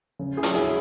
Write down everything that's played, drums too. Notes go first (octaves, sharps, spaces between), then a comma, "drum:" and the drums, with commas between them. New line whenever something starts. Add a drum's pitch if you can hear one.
C#3
E4 G#4
F#3, drum: hi-hat
E4 G#4